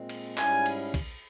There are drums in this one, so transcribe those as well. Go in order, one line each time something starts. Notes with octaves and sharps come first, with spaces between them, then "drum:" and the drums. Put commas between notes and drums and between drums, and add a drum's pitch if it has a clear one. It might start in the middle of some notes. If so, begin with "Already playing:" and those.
Already playing: A#2 G#3 C4
drum: cymbal
G#2 G3 C#4 E4 G#5, drum: clap
drum: cymbal
drum: kick A#1, cymbal